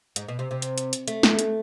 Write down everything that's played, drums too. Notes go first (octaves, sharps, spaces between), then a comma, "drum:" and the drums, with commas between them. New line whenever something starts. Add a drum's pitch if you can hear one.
G#2, drum: hi-hat
B2
C3
C3
drum: hi-hat
drum: hi-hat
drum: hi-hat
A3, drum: hi-hat
drum: snare
drum: hi-hat